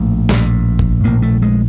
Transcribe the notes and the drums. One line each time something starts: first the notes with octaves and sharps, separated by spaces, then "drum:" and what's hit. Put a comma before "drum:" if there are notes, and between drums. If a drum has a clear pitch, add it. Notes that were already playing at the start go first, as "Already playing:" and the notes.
Already playing: A#1 A2 A3
A#1 A2, drum: snare
drum: kick
A#1 A2 A#3
A3
G#3